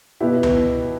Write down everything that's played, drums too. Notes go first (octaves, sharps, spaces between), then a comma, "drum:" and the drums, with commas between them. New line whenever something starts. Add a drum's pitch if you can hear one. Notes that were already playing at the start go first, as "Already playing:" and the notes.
B2 B3 E4 G4
drum: tom C#2